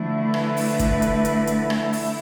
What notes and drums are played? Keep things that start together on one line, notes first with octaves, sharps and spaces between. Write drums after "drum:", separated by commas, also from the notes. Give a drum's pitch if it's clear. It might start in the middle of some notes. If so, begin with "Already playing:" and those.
Already playing: D3 F3 A3 E4
B4, drum: rim click
drum: open hi-hat
drum: kick, hi-hat
drum: hi-hat
drum: hi-hat
drum: hi-hat
drum: rim click
drum: open hi-hat